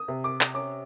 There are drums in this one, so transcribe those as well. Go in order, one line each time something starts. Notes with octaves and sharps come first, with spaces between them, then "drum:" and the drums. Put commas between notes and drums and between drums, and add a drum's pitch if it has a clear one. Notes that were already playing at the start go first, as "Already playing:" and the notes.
Already playing: D#6
C3
D6
drum: clap
C#4 D6